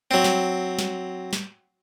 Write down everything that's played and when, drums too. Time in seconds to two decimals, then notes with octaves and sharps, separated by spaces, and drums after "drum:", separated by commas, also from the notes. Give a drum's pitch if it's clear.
0.11 F#3 C4
0.24 drum: snare
0.79 drum: snare
1.33 drum: snare